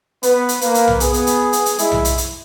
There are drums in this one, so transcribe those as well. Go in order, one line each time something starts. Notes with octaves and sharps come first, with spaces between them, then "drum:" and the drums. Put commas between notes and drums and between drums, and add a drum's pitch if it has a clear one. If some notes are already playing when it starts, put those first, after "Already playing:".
B3 B4, drum: hi-hat
drum: hi-hat
A#3 B4, drum: hi-hat
drum: hi-hat
drum: tom B1
B3 G#4, drum: hi-hat
drum: hi-hat
drum: hi-hat
drum: hi-hat
drum: hi-hat
G#3 E4, drum: hi-hat
drum: tom B1
drum: hi-hat
drum: hi-hat